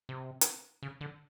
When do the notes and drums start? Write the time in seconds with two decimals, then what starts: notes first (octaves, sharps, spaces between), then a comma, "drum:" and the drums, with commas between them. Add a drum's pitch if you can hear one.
0.09 C3
0.41 drum: hi-hat
0.83 C#3
1.01 D3